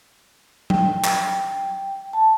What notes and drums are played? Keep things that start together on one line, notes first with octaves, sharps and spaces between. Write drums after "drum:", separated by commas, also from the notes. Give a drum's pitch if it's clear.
G5, drum: tom F#3
drum: clap
A5